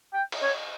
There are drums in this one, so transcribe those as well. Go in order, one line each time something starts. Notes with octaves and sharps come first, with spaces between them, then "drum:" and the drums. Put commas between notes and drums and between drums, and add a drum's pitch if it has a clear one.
G5
drum: cymbal
C#5